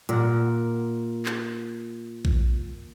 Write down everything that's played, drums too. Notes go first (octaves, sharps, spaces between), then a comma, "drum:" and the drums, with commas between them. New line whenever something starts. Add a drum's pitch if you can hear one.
A#2 A#4 F#5, drum: hi-hat
drum: clap
drum: kick A#1